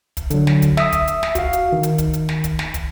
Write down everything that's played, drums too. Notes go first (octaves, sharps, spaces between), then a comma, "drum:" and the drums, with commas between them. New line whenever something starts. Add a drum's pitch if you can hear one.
drum: kick, hi-hat
D3 F#3, drum: hi-hat
drum: snare
drum: kick, hi-hat
E5 D#6, drum: snare
drum: kick, hi-hat
drum: hi-hat
drum: snare
F#4 F5, drum: kick, hi-hat
drum: hi-hat
D#3
drum: hi-hat
drum: kick, hi-hat
drum: hi-hat
drum: snare
drum: kick, hi-hat
drum: snare
drum: kick, hi-hat